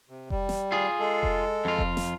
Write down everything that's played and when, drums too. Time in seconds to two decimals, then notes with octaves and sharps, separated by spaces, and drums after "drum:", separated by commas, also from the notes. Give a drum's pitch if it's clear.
0.10 C3
0.30 G3, drum: kick F1
0.49 drum: snare
0.72 F4 G#4
1.00 G#3 A4
1.23 drum: kick F1
1.65 F2 F4
1.78 drum: kick F1
1.97 drum: snare